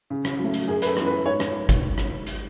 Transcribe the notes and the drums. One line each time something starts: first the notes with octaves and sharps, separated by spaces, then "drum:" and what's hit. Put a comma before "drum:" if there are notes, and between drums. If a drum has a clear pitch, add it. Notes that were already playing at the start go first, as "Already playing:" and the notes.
C#3
drum: rim click
F#3 A3
drum: hi-hat
F#2 G#4
B4, drum: hi-hat
A4
E3 B3, drum: rim click
B4
G#2 C#5
drum: rim click
drum: kick G1, hi-hat
drum: rim click
drum: hi-hat